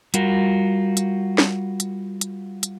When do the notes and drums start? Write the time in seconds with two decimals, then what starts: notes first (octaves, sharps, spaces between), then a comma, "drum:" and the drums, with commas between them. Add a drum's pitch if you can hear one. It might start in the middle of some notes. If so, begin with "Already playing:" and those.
0.14 G3 F4 F#4 A#4, drum: hi-hat
0.97 drum: hi-hat
1.38 drum: snare
1.80 drum: hi-hat
2.21 drum: hi-hat
2.63 drum: hi-hat